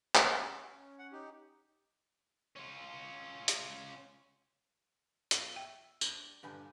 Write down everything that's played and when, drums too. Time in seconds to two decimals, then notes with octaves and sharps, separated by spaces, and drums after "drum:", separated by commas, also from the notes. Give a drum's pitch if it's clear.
0.15 C#4, drum: clap
0.99 F#5
1.12 D#4 G4
2.56 C#4 F4
3.48 drum: hi-hat
5.31 B1 F4 C#6, drum: hi-hat
5.56 E5 G5
6.01 D4 G4, drum: tambourine
6.43 G2 A#2 D3 D4 B4 G#5